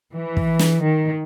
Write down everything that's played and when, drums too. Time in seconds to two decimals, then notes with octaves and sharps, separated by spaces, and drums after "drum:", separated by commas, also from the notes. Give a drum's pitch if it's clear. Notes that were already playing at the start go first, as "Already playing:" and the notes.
0.14 E3
0.37 drum: kick
0.59 drum: snare
0.82 D#3